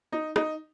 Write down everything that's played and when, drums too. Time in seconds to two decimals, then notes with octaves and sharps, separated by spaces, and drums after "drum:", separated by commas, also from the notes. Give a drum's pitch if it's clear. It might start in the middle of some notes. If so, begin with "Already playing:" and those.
0.12 D#4
0.36 D#4, drum: rim click